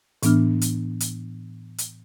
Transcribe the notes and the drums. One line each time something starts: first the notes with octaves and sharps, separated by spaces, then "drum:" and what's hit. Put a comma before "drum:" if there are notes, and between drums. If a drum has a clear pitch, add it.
A2 E3 B3 D4 F6, drum: hi-hat
drum: hi-hat
drum: hi-hat
drum: hi-hat